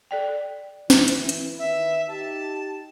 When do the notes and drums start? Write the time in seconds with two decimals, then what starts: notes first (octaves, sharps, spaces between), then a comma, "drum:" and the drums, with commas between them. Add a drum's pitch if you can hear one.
0.11 A4 D5 G5
0.90 E3 E4, drum: snare
1.08 drum: hi-hat
1.29 drum: hi-hat
1.58 D#3 B3 B4 E5
2.08 D#4 G4 A5